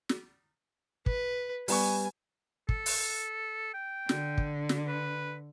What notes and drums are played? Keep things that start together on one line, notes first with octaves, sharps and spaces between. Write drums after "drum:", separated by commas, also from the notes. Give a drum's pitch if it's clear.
drum: snare
B4, drum: kick
G3 B3 G#5 C#6, drum: open hi-hat
A4, drum: kick
drum: open hi-hat
G5
D3, drum: snare
drum: kick
drum: snare
B4